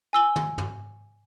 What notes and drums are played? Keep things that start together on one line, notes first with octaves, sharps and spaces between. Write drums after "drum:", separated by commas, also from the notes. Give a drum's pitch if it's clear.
G#5 E6 G7
drum: tom
drum: tom